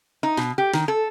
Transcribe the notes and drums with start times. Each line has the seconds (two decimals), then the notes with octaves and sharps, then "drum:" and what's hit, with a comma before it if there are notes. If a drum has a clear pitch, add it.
0.23 D#4
0.37 B2, drum: snare
0.58 G4
0.73 D#3, drum: snare
0.88 A4